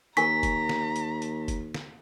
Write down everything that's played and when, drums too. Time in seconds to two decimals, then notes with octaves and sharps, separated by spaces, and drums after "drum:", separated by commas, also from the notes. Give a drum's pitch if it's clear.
0.17 D#2 A#4 G#5 A#5 C#6 B6, drum: hi-hat
0.43 drum: kick, hi-hat
0.69 drum: snare
0.96 drum: hi-hat
1.22 drum: hi-hat
1.48 drum: kick, hi-hat
1.74 drum: snare